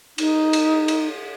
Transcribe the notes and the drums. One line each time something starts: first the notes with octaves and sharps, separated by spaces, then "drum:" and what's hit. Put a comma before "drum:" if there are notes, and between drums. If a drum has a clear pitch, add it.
D#4, drum: cymbal
drum: cymbal
drum: cymbal